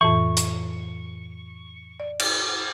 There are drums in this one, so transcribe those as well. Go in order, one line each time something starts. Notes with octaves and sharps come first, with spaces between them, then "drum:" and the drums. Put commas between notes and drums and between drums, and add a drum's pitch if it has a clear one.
F2 A2 E3 C#6
drum: hi-hat
D5
drum: cymbal